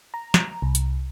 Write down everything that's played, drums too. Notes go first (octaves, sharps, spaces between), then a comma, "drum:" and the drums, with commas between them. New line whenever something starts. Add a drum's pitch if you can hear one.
A#5
drum: snare
C2
drum: hi-hat